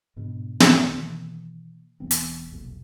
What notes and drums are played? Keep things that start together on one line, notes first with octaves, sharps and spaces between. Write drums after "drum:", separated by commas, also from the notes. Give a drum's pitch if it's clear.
G#2 B2 D3
drum: snare
B2 D#3 E3 A#3
E1 E3 B3 C4
drum: hi-hat
F1 B1 A#2